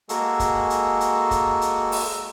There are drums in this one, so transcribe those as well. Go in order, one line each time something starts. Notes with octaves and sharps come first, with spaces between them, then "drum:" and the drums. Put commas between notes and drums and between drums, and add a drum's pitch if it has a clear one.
G#3 A#3 F#4 G#4 A4, drum: hi-hat
drum: kick, hi-hat
drum: hi-hat
drum: hi-hat
drum: kick, hi-hat
drum: hi-hat
drum: open hi-hat